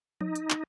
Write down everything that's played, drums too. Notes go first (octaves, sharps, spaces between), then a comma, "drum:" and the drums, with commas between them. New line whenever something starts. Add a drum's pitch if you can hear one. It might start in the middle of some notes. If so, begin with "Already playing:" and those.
D#4, drum: tom F3
drum: hi-hat
drum: clap